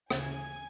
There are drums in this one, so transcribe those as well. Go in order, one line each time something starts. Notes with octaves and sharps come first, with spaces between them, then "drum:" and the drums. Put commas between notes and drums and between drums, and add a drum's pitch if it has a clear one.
D2 C#3 E3 G#5, drum: rim click